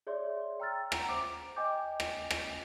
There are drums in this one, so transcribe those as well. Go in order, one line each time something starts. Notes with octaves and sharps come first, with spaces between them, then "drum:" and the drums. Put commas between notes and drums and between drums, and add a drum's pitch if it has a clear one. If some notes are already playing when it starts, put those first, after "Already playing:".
G#4 C#5 D5 E5 C6
G5 A#5 E6 F6 A6
E5 F#5 A#5, drum: rim click
C5 D6 D7
D#5 G5 G#5 D6 G6
drum: rim click
drum: rim click